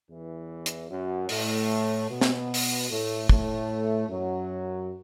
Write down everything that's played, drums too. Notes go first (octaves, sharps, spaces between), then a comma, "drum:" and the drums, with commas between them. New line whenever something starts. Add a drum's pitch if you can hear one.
E2 E3
drum: hi-hat
F#2 F#3
A2 A3, drum: open hi-hat
B2 B3
drum: snare
drum: open hi-hat
A2 A3
A2 A3, drum: kick
F#2 F#3